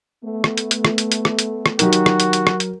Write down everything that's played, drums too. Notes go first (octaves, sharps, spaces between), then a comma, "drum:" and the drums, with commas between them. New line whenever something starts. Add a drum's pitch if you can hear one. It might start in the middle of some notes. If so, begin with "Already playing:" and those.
A3 B3
drum: rim click
drum: hi-hat
drum: hi-hat
drum: rim click
drum: hi-hat
drum: hi-hat
drum: rim click
drum: hi-hat
drum: rim click
D#3 F#3 D#4 F#4 G4 A#4, drum: hi-hat
drum: hi-hat
drum: rim click
drum: hi-hat
drum: hi-hat
drum: rim click
drum: hi-hat